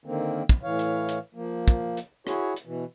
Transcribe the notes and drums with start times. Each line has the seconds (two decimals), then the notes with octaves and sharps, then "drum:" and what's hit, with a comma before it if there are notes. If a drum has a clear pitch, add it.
0.05 D3 D#3 A#3 C4
0.49 drum: kick, hi-hat
0.63 A2 E3 C#5 F5
0.79 drum: hi-hat
1.08 drum: hi-hat
1.35 F3 A#3
1.68 drum: kick, hi-hat
1.97 drum: hi-hat
2.27 E4 F#4 G#4 C#5, drum: rim click
2.56 drum: hi-hat
2.65 B2 E3